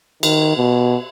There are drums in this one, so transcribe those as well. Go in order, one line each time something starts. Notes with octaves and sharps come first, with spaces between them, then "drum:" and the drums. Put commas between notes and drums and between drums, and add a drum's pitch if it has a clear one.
D#3, drum: cymbal
B2